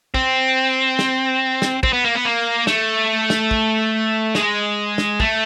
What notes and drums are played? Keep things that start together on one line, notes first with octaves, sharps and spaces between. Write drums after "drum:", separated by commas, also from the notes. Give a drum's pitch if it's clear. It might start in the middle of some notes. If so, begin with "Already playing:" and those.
C4, drum: kick
drum: snare
drum: snare
C4, drum: kick
B3
A#3
B3
A#3
A3, drum: snare
drum: snare
drum: kick
G#3, drum: snare
drum: snare
A3, drum: kick